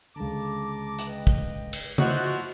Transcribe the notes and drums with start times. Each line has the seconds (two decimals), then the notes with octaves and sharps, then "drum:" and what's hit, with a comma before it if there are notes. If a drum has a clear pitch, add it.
0.16 C#2 D3 A5 A#5 D6
0.99 drum: hi-hat
1.08 B4 D#5 G5
1.27 drum: kick
1.73 drum: cymbal
1.98 F3 E4 F#4 C5 D#5 F#5, drum: tom C#3